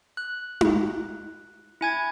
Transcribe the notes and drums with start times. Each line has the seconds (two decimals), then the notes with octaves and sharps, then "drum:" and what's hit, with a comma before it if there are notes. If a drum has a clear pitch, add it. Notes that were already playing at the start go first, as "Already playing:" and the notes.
0.17 F#6
0.61 drum: tom D#4
1.81 E4 G#5 G#6